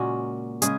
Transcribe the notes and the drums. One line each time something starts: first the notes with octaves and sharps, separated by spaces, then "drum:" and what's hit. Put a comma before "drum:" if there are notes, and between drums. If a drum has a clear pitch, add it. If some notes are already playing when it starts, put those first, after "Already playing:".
Already playing: A#2 C#3 G#3 C#4 F#4 A#4
C#3 G#3 G#4, drum: hi-hat